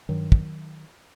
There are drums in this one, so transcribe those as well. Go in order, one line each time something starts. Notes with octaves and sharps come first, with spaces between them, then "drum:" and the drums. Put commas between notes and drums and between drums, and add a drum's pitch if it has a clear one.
G2 D#3 F#3
drum: kick